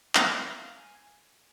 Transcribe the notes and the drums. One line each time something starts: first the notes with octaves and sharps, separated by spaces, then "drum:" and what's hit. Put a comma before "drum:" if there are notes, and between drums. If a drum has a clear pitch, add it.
F5, drum: clap
E5
F5
G#5